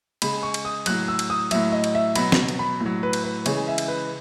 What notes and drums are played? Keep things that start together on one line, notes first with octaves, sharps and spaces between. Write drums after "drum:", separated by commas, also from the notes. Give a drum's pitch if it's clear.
C#3 G#3 B5, drum: cymbal
C#6
drum: cymbal
D#6
A2 F#3 F#6, drum: cymbal
E6
drum: cymbal
D#6
A2 F#3 E5, drum: cymbal
D#5
drum: cymbal
E5
B2 F#3 B5, drum: cymbal
drum: snare
drum: cymbal
B5
A2
F#3
B4
drum: cymbal
B4
C#3 E3 G#3 C#5, drum: cymbal
E5
drum: cymbal
B4